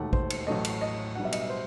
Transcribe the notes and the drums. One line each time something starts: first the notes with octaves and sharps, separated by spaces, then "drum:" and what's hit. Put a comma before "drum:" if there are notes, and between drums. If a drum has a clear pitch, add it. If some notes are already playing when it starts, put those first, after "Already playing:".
Already playing: E1 D#2 D#3 A3 F#5
C5, drum: kick
drum: cymbal
A1 A2 F#3 A3 D#5
drum: cymbal
D#5
B1 B2 G3 F#5
E5
D#5, drum: cymbal
E5
C5